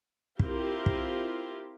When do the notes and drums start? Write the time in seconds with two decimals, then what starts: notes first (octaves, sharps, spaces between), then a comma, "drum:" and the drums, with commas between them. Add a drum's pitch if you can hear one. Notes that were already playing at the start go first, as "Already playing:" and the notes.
0.39 C4 E4 F4 G4 A#4 C5, drum: kick
0.86 drum: kick